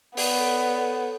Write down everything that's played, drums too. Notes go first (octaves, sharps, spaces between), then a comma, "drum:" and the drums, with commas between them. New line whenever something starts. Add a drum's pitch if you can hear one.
B3 D5, drum: open hi-hat
C#5
B4
A4 C#5
B4 D5
A4 C#5